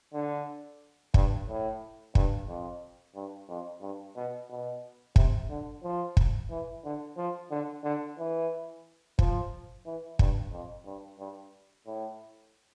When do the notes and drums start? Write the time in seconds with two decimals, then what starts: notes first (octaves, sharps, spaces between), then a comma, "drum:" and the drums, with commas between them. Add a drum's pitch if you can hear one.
0.13 D3
1.14 G2, drum: kick
1.48 A2
2.15 G2, drum: kick
2.48 F2
3.15 G2
3.49 F2
3.82 G2
4.16 B2
4.50 B2
5.16 C3, drum: kick
5.50 D3
5.83 F3
6.17 drum: kick
6.50 E3
6.84 D3
7.17 F3
7.51 D3
7.84 D3
8.18 E3
9.19 F3, drum: kick
9.86 E3
10.19 G2, drum: kick
10.52 F2
10.86 G2
11.19 G2
11.86 A2